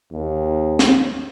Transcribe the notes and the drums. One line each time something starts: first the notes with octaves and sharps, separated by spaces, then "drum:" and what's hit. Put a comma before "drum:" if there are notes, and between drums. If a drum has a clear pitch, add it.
D#2
drum: snare